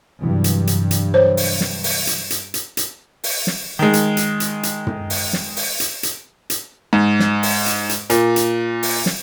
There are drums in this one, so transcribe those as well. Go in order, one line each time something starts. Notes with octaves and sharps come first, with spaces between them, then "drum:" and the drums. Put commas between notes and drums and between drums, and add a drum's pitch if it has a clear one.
G2 C3 E3 F#3
drum: hi-hat
drum: hi-hat
drum: hi-hat
C5 C#5
drum: open hi-hat
drum: snare
drum: open hi-hat
drum: hi-hat
drum: hi-hat
drum: hi-hat
drum: hi-hat
drum: open hi-hat
drum: snare
D#3 G#3
drum: hi-hat
drum: hi-hat
drum: hi-hat
drum: hi-hat
drum: tom
drum: open hi-hat
drum: snare
drum: open hi-hat
drum: hi-hat
drum: hi-hat
drum: hi-hat
G#2
drum: snare
drum: open hi-hat
drum: hi-hat
drum: hi-hat
A#2, drum: hi-hat
drum: hi-hat
drum: open hi-hat
drum: snare